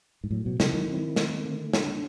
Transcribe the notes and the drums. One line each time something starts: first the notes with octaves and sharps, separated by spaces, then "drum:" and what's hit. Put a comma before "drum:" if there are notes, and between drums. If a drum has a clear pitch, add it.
G#2
A2 F#3
B2
C#3 E4, drum: snare
D#3
C4
A3, drum: snare
D3
D4, drum: snare